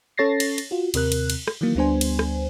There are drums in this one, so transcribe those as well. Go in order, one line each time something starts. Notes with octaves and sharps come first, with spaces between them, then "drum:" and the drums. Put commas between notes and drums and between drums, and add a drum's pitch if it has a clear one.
C#4 A4 C#5 A6 A#6 C7
drum: cymbal
drum: cymbal
F4 F#4
D#2 C3 A#4 F#6, drum: cymbal
drum: cymbal
drum: cymbal
drum: rim click
D#3 E3 F#3 A#3
D2 G3 B3 D4 C5 G#5
drum: cymbal
drum: rim click